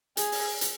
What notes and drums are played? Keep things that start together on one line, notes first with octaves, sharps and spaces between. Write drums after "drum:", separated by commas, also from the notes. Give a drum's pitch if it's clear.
G#4, drum: hi-hat
drum: open hi-hat
drum: hi-hat